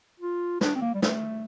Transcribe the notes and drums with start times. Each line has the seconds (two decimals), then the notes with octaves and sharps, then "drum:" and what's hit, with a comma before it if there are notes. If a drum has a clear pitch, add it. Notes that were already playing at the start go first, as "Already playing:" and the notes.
0.20 F4
0.61 D4, drum: snare
0.76 C4
0.82 A#3
0.95 G3
1.02 A3, drum: snare